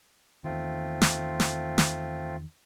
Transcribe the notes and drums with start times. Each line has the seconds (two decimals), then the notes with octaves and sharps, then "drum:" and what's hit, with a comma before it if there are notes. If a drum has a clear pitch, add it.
0.44 E2 D#3 A3 C4 F4
1.01 drum: snare
1.40 drum: snare
1.78 drum: snare